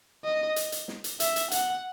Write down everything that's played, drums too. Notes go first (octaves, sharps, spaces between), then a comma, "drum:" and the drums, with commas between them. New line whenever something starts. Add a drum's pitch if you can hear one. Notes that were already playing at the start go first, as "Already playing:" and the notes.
D#5
drum: hi-hat
drum: hi-hat
drum: snare
drum: hi-hat
E5, drum: hi-hat
drum: hi-hat
F#5, drum: hi-hat